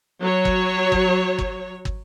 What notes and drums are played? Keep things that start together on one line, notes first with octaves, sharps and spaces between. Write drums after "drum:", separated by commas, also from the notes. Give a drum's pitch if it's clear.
F#3 C#5
drum: kick
drum: kick
drum: kick
drum: kick